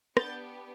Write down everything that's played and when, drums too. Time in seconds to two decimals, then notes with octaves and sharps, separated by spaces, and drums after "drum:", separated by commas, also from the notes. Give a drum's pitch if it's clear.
0.17 B3 D4 G4 G6 A6, drum: rim click